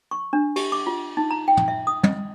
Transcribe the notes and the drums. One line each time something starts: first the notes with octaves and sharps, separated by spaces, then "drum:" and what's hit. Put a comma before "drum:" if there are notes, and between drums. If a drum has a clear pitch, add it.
C#6
D4
G4, drum: cymbal
D6
F4
D#4
A#5
G5
drum: tom
E5
D#6
D#5, drum: tom